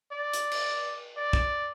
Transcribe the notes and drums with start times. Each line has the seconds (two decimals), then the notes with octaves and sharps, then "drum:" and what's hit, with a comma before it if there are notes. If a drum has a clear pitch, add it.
0.12 D5
0.34 drum: hi-hat
0.51 drum: cymbal
1.17 D5
1.33 drum: kick